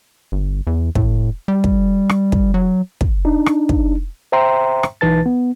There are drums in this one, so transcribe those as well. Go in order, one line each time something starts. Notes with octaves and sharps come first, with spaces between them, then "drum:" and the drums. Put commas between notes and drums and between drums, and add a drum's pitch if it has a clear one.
G1
E2
A2, drum: kick
G3
drum: kick
drum: rim click
drum: kick
F#3
drum: kick
D4 D#4
drum: rim click
drum: kick
C5 E5 G5 A#5 C6
drum: rim click
B1 E3 D#4 B4 A5 A6
B3